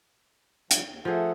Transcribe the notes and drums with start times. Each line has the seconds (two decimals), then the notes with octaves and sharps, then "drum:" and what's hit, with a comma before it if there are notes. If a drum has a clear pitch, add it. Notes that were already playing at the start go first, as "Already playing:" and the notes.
0.71 B2 F3 G3, drum: hi-hat
0.84 D#2
1.05 F3 A3 G#4 A4 F#5